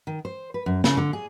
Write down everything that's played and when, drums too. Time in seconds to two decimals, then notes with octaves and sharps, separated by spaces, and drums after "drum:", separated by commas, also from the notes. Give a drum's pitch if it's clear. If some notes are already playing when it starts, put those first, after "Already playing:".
0.07 D#3
0.25 C5
0.54 B4
0.66 F#2
0.84 C#3, drum: snare
0.97 D3
1.13 G#4